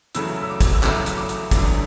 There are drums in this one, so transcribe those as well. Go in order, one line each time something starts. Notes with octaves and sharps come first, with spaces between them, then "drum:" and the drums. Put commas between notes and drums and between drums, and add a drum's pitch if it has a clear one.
E2 C#3 F#3 A3 E4 E6, drum: hi-hat
E6
D6
drum: kick, hi-hat
E6
E2 C#3 F#3 A3 E4 D6, drum: clap
drum: hi-hat
D6
drum: hi-hat
E2 D3 F#3 A3, drum: kick, hi-hat